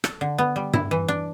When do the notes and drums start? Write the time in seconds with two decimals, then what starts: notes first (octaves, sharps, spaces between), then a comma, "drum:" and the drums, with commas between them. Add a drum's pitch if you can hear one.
0.04 A4, drum: rim click
0.21 D3
0.38 B3
0.56 G3
0.74 E4, drum: tom G2
0.91 E3
1.08 D4